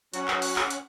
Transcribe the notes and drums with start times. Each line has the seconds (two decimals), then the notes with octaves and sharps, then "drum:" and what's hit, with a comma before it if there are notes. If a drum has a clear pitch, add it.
0.14 F#3 C#4 F#4 F#5, drum: hi-hat
0.28 drum: clap
0.42 drum: open hi-hat
0.56 drum: clap
0.70 drum: hi-hat